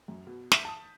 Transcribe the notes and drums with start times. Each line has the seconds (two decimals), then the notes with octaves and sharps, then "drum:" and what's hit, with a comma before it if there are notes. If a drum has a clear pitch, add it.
0.08 F#2
0.27 B2
0.52 E5 G6 B6, drum: snare
0.65 A5 D#6